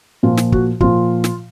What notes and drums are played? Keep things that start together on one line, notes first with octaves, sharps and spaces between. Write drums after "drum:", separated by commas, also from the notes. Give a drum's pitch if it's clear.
A#2 F3 F4
drum: snare
F#4, drum: kick
A#2 F3 F4, drum: kick
drum: snare